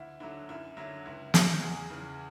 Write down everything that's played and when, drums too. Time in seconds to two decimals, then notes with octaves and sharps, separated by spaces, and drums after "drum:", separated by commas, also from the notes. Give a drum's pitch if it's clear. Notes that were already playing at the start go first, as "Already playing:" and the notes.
Already playing: D2 E4
0.20 D3 F#3 E4
0.49 F#2 E4
0.77 D3 F#3 E4
1.05 C#2 E4
1.34 C#3 F#3, drum: snare
1.62 E2 G#4
1.90 C#3 E3